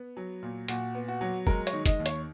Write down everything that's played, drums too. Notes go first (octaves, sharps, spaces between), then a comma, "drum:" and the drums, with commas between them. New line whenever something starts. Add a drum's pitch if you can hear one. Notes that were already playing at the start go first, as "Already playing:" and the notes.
Already playing: B3
F#3
A#2
A#2 F#4, drum: hi-hat
B3
F#4
F#3
G#3 A#4, drum: kick F1
C#5, drum: hi-hat
D#3
D#5, drum: kick F1, hi-hat
D#2
C#5, drum: hi-hat